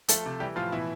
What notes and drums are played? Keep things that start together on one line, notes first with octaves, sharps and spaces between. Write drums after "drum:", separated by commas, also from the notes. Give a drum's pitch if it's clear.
F3 A3 A4, drum: hi-hat
C3
E3 G3 G4
A2 F3 F4
B2 E3 E4